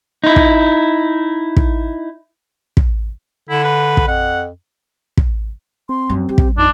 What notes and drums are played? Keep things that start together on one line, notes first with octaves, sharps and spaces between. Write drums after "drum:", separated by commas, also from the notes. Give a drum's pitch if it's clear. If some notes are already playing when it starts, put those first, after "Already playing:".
D#4 E4
drum: kick
drum: kick
drum: kick
D3 E4
B4
drum: kick
F2 F#5
drum: kick
C4 C6
F#2 F3
G3 G4
drum: kick
F2 D4 D#4